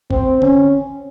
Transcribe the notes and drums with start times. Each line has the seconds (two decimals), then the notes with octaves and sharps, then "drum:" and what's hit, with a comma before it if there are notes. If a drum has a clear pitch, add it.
0.11 C4, drum: kick
0.42 C#4, drum: tom D3